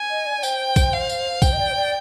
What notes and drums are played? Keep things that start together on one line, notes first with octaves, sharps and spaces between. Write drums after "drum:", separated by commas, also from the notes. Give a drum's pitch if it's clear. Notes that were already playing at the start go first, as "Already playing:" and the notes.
Already playing: G#5
D#5
D5
D5
C5 G5, drum: tambourine
drum: kick, tambourine
F5
drum: tambourine
C5 G5, drum: kick, tambourine
D#5
D5
C5
D5